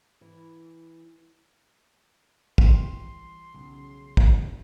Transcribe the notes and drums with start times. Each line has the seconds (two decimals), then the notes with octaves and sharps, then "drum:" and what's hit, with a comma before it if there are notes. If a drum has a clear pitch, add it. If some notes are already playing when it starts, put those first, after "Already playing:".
0.21 E3
2.58 E3 G3 C6, drum: kick
3.55 B1 C#3
4.17 drum: kick